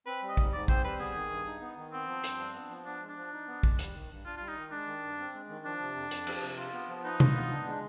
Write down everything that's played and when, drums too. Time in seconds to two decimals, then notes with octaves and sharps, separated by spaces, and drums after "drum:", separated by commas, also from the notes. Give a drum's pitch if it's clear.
0.06 C4 B4
0.22 G3
0.29 D#5
0.37 G#2, drum: kick A#1
0.53 G#2 D5
0.68 C4 C5, drum: kick A#1
0.84 G3 B4
0.99 B3 G#4
1.15 D#3
1.30 G2
1.46 D#4
1.61 B3
1.77 D#3
1.92 B3 C4
2.08 F3
2.24 G2, drum: hi-hat
2.39 D4
2.54 B3
2.70 F3
2.86 B3 D4
3.01 G#3
3.09 D4
3.17 F3
3.32 D#4
3.48 B3
3.63 G#3, drum: kick A#1
3.79 G3, drum: hi-hat
3.94 D#3
4.10 G2
4.25 D4 F4
4.37 G3 F4
4.48 D#4
4.56 D#3
4.71 G#3 D4
4.87 D#3
5.03 G2
5.18 C4
5.33 G#3
5.49 D#3
5.65 F3 D4
5.80 C3
5.96 F2
6.11 F2, drum: hi-hat
6.27 F3, drum: cymbal
6.42 C3
6.57 F4
6.73 B3
6.89 F3
7.04 D#4 B4
7.20 F4, drum: tom
7.35 B3
7.51 D4
7.66 G#3